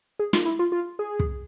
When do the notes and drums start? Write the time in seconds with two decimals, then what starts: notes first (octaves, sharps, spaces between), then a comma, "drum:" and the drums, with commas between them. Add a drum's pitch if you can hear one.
0.19 G#4
0.33 F4, drum: snare
0.45 E4
0.59 F4
0.72 F4
0.99 G#4
1.20 drum: kick